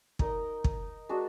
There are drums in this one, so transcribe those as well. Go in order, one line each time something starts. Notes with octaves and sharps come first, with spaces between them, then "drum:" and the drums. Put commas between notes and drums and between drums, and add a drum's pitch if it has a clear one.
D#4 A#4 D#5, drum: kick
drum: kick
G#3 D4 F#4